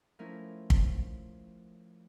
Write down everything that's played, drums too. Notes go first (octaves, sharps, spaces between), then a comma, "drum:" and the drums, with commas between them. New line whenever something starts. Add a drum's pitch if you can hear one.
F3 A3 C#4 E4 A#4
drum: kick